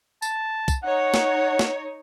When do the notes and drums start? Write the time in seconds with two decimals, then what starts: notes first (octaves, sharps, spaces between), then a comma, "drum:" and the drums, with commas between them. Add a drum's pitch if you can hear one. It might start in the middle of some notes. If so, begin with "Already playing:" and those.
0.22 A5, drum: tambourine
0.68 drum: kick, tambourine
0.83 D#4 C#5 F#5
1.14 drum: snare
1.59 drum: snare